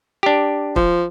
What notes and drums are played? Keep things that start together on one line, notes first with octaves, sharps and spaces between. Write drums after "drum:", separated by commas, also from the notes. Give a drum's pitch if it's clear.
D4 G4
F3, drum: kick